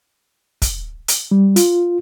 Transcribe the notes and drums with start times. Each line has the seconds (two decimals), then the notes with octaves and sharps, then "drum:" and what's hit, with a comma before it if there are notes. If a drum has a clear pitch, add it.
0.62 drum: kick, hi-hat
1.08 drum: hi-hat
1.31 G3
1.56 F4, drum: hi-hat